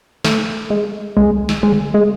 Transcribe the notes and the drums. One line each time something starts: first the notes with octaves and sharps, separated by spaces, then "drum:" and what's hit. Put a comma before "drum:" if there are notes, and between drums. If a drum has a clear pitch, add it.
A3, drum: snare
G#3
G#3, drum: kick C2
drum: snare
G#3
drum: tom C#3
G#3